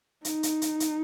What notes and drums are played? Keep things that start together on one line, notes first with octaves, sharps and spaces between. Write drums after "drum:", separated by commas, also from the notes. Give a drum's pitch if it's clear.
D#4, drum: hi-hat
drum: hi-hat
drum: hi-hat
drum: hi-hat